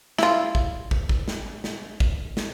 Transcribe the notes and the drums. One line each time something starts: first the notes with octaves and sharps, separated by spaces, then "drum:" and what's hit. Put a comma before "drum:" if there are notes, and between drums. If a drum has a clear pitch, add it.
E4 F4, drum: snare
drum: kick
drum: kick
drum: kick
drum: snare
drum: snare
drum: kick
drum: snare